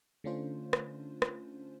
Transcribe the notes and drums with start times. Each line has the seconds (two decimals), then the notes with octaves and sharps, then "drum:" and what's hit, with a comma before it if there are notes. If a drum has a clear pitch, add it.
0.24 D3 A3 C#4 D4 F4 C5
0.73 drum: rim click
1.22 drum: rim click